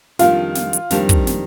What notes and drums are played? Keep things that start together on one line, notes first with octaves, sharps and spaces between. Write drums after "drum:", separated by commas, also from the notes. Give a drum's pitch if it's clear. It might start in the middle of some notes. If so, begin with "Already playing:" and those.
F2 D#3 G3 D4 F4, drum: snare
drum: snare
drum: hi-hat
F2 D#3 G3 D4, drum: snare
drum: kick, hi-hat
drum: snare